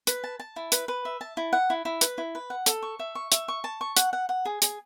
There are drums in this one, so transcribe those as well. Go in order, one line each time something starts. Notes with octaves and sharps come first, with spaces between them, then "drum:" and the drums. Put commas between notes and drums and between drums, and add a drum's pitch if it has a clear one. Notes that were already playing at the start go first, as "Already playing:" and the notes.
B4, drum: hi-hat
A5
A5
E4
B4, drum: hi-hat
B4
E5
A5
E4
F#5
E4
E4
B4, drum: hi-hat
E4
B4
F#5
A4, drum: hi-hat
C#6
E5
C#6
E5, drum: hi-hat
C#6
A5
C#6
F#5, drum: hi-hat
F#5
F#5
G#4
G#4, drum: hi-hat